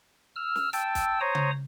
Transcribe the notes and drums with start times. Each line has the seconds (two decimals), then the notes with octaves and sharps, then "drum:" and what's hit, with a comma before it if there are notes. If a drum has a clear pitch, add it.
0.36 E6 F6
0.56 drum: snare
0.73 G5 A5 E6, drum: hi-hat
0.95 drum: kick, hi-hat
1.21 C5 C#5 A#5 D#6
1.35 drum: tom C#3